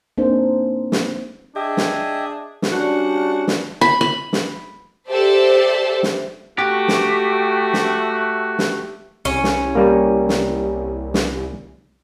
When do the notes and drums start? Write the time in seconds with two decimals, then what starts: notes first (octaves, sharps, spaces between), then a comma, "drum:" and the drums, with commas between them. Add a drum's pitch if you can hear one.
0.18 A#3 C4 D4 D#4 G#4 C5
0.92 drum: snare
1.56 D4 G#4 D#5 E5 G5
1.77 drum: snare
2.62 drum: snare
2.72 G3 C#4 D4 F#4
3.48 drum: snare
3.81 B5
4.01 B5
4.33 drum: snare
5.09 G4 A4 C5 D5 E5 A5
6.03 drum: snare
6.58 A3 F#4 G4
6.88 drum: snare
7.73 drum: snare
8.59 drum: snare
9.25 C2 C#4
9.44 drum: snare
9.75 G3 A#3
10.29 drum: snare
11.14 drum: snare